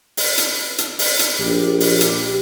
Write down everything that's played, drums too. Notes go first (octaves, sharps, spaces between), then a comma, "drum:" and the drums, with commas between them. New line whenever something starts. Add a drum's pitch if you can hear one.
drum: open hi-hat
drum: hi-hat
drum: hi-hat
drum: open hi-hat
drum: hi-hat
A#1 G4
drum: open hi-hat
drum: hi-hat